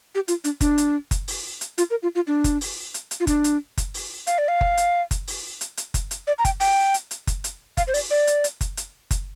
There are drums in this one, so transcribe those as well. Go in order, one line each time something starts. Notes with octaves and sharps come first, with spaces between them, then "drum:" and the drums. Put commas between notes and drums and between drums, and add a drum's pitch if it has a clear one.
G4
F4, drum: hi-hat
D4, drum: hi-hat
D4, drum: kick F#1, hi-hat
drum: hi-hat
drum: kick F#1, hi-hat
drum: open hi-hat
drum: hi-hat
F4, drum: hi-hat
A#4
F4
F4
D4
drum: kick F#1, hi-hat
drum: open hi-hat
drum: hi-hat
drum: hi-hat
F4
D4, drum: kick F#1, hi-hat
drum: hi-hat
drum: kick F#1, hi-hat
drum: open hi-hat
F5, drum: hi-hat
D5
F5
drum: kick F#1
drum: hi-hat
drum: kick F#1, hi-hat
drum: open hi-hat
drum: hi-hat
drum: hi-hat
drum: kick F#1, hi-hat
drum: hi-hat
D5
A#5
G5, drum: kick F#1, hi-hat
G5, drum: open hi-hat
drum: hi-hat
drum: hi-hat
drum: kick F#1, hi-hat
drum: hi-hat
F5, drum: kick F#1, hi-hat
C5
D5, drum: open hi-hat
D5
drum: hi-hat
drum: hi-hat
drum: kick F#1, hi-hat
drum: hi-hat
drum: kick F#1, hi-hat